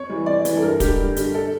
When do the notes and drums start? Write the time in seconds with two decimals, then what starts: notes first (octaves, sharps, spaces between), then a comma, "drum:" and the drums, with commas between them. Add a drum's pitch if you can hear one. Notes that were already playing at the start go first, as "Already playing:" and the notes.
Already playing: F2 C#5
0.09 E3 G3
0.26 F2 D5
0.45 E3 G3, drum: hi-hat
0.56 A4
0.63 G2 A#4
0.80 D3 G3 G4, drum: kick, hi-hat
0.98 G2
1.16 D3 G3, drum: hi-hat
1.35 A4